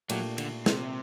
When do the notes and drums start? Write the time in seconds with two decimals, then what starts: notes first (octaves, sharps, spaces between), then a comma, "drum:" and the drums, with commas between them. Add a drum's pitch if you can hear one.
0.09 A#2 F#3 A3 D4 G4, drum: cymbal
0.38 D3, drum: cymbal
0.66 C3, drum: snare